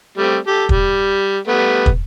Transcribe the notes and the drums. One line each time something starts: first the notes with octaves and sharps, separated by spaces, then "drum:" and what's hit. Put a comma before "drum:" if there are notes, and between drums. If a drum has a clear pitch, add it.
G3 A3 C4
G4 A4
G3, drum: kick
G3 A3 B3
drum: kick